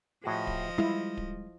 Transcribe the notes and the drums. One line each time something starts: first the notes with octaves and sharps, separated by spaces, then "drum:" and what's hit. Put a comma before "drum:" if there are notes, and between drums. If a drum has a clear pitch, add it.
A2 F3 F#4 G#4 D#5
drum: kick D1
G3 G#3 E4 F4
drum: kick D1